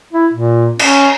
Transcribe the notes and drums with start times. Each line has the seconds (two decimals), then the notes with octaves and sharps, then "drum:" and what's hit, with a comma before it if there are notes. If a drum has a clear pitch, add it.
0.13 E4
0.33 A#2
0.79 C#4, drum: cymbal